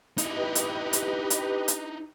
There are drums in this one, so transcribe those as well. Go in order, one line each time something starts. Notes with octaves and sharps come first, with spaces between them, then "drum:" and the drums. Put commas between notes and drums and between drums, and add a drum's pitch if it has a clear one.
D#4 E4 G4 B4 D#5, drum: hi-hat
drum: hi-hat
drum: hi-hat
drum: hi-hat
drum: hi-hat